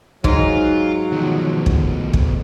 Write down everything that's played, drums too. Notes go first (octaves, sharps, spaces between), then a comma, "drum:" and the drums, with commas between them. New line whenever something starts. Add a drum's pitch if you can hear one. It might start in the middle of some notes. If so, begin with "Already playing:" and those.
G#2 F#3 G#3 F4, drum: kick
D2 B2 D#3 F3
drum: kick
drum: kick